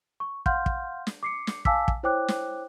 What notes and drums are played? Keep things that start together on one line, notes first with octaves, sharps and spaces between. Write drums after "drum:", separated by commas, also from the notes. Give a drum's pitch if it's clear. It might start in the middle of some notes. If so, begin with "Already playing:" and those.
C#6
F5 F#5 C6 F6 G6, drum: kick
drum: kick
drum: snare
D6 C7 C#7
drum: snare
F5 G#5 A5 D6 E6 B6, drum: kick
drum: kick
E4 C5 C#5 G5 D6 F#6
drum: snare